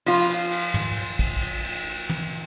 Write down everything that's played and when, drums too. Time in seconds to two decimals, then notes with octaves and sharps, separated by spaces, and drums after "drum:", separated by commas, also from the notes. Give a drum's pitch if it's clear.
0.06 F3 F4, drum: cymbal
0.29 drum: cymbal
0.52 drum: cymbal
0.74 drum: tom
0.97 drum: cymbal
1.19 drum: kick, cymbal
1.42 drum: cymbal
1.64 drum: cymbal
2.10 drum: tom